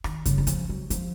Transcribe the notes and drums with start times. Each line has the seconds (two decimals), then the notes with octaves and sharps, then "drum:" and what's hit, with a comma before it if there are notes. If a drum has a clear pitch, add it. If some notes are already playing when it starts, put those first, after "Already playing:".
0.04 D#3, drum: rim click
0.25 C#3, drum: kick F#2, hi-hat
0.38 D#3
0.47 F3, drum: hi-hat
0.69 F#3
0.90 F3, drum: hi-hat